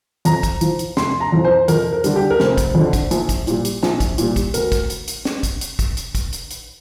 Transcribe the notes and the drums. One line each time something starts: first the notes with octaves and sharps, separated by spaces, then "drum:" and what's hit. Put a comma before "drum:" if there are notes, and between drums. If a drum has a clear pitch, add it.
F2 A#5, drum: hi-hat
drum: kick, hi-hat
F3, drum: hi-hat
drum: hi-hat
F1 C6, drum: snare
A#5
F2 F3
C5
F2 A#4, drum: hi-hat
A#4
D3 G3, drum: hi-hat
G4
A#4
F1 C5, drum: snare
drum: kick, hi-hat
F2 D3
drum: kick, hi-hat
A#1, drum: hi-hat
drum: kick, hi-hat
A#2 G3, drum: hi-hat
drum: hi-hat
A#1, drum: snare
drum: kick, hi-hat
A#2 G3, drum: hi-hat
drum: kick, hi-hat
D2 A#4, drum: hi-hat
drum: kick, hi-hat
drum: hi-hat
drum: hi-hat
drum: snare
drum: kick, hi-hat
drum: hi-hat
drum: kick, hi-hat
drum: hi-hat
drum: kick, hi-hat
drum: hi-hat
drum: hi-hat